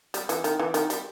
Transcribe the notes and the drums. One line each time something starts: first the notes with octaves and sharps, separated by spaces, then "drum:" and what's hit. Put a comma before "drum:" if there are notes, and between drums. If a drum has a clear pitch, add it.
G3, drum: hi-hat
E3, drum: hi-hat
D#3, drum: hi-hat
E3
D#3, drum: hi-hat
G3, drum: hi-hat